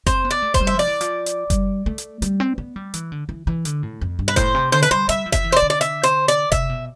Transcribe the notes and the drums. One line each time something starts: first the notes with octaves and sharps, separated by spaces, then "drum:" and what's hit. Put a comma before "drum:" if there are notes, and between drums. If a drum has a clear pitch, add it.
C4 C5, drum: kick F#1, hi-hat
B3
D5
A3
C5, drum: kick F#1, hi-hat
G3
E5
F3
D5, drum: open hi-hat
E3
F3, drum: hi-hat
drum: hi-hat
G3, drum: kick F#1, hi-hat
A3
drum: hi-hat
G3, drum: hi-hat
C4
B3
G3
E3, drum: hi-hat
D3
E3
E3
D3, drum: hi-hat
A2
F2
G2
B4
A2 C5, drum: kick F#1, hi-hat
C3
D3 C5
B4, drum: hi-hat
G3 C5
G3 E5, drum: hi-hat
F3
E5, drum: kick F#1, hi-hat
E3
C5
D5, drum: hi-hat
D3
D5
E5, drum: hi-hat
C5, drum: hi-hat
D5, drum: hi-hat
C3 E5, drum: kick F#1, hi-hat
B2